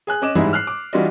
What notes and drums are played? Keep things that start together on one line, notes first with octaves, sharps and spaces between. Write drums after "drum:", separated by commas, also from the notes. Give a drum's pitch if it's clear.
G#4 G#5 F#6
C#4 D#5 D6 E7
G#2 G3 G#3 D#4 E4 G#4, drum: tom
F6 F#6 C7
D6
E3 G3 D4 F4 F#4 D#5